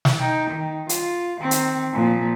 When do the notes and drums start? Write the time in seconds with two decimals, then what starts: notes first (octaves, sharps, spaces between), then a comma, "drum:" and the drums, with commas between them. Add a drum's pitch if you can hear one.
0.05 drum: snare
0.19 D#4 G5
0.50 D#3
0.89 F4, drum: hi-hat
1.41 D#3 C4
1.51 drum: hi-hat
1.93 A#2 F3